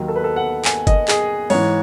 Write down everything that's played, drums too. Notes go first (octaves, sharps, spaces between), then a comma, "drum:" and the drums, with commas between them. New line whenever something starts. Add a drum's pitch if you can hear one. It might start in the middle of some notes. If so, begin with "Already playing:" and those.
Already playing: D#2 D#3 F#3
A4
B4
A4
F#5
G#5, drum: clap
D#5, drum: kick G1, hi-hat
G#4, drum: clap
G#2 E3 C#5, drum: open hi-hat